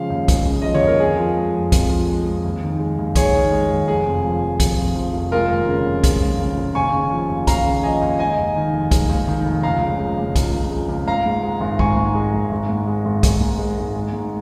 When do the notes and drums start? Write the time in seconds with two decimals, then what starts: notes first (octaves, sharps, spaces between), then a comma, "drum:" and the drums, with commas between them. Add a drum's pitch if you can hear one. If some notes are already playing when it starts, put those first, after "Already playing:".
Already playing: C#3 F3 G#3 F5
0.10 D#2
0.28 G#3, drum: kick, hi-hat
0.46 C#3
0.62 F3 D#5
0.74 C#5, drum: tom D3
0.82 D#2
0.87 A#4
1.00 F2 G#4
1.18 F3
1.36 G#3
1.54 F2
1.72 F2, drum: kick, hi-hat
1.90 F3
2.07 G#3
2.26 F2
2.44 D#2
2.62 D#3
2.79 G#3
2.99 D#2
3.15 D#2 G#4 C#5, drum: kick, hi-hat
3.34 D#3
3.52 G#3
3.70 D#2
3.88 F1 G#4
4.06 F2
4.24 F3
4.42 F1
4.60 F1, drum: kick, hi-hat
4.78 F2
4.96 F3
5.13 F1
5.32 G#3 F4 A#4
5.50 D#2
5.68 C#3
5.86 F1
6.04 G#3, drum: kick, hi-hat
6.22 D#2
6.40 C#3
6.57 F1
6.75 D#2 G#5 C#6
6.94 C#3
7.11 F3
7.29 D#2
7.47 D#2 F5 A#5, drum: kick, hi-hat
7.65 C#3
7.83 F3 D#5 G#5
8.01 D#2
8.19 G#3 D#5 G#5
8.38 D#2
8.56 D#3
8.74 F1
8.91 G#3, drum: kick, hi-hat
9.09 D#2
9.28 D#3
9.46 F1
9.63 C#2 F5 A#5
9.82 C#3
9.99 G#3
10.18 C#2
10.36 C#2, drum: kick, hi-hat
10.54 C#3
10.71 G#3
10.89 C#2
11.08 G#1 F5 A#5
11.26 G#2
11.43 G#3
11.61 G#1
11.79 G#1 G#5 C#6, drum: kick
11.97 G#2
12.15 G#3
12.34 G#1
12.51 G#1
12.69 G#2
12.87 G#3
13.05 G#1
13.23 G#1, drum: kick, hi-hat
13.41 G#2
13.59 G#3
13.78 G#1
13.96 G#3
14.13 G#2